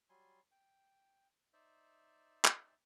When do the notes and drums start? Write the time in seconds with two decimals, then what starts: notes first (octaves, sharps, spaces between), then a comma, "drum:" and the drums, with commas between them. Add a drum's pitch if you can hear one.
0.09 F#3 G3 G#5 C6
0.52 G5
1.53 D#4 C5 D5 E5
2.45 drum: clap